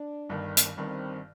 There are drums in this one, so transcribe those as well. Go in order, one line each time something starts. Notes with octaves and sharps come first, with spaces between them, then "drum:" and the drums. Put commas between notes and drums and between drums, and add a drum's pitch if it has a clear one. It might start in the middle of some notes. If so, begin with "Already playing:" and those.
Already playing: D4
G1 G2 D#3
drum: hi-hat
G1 G2 D#3 C4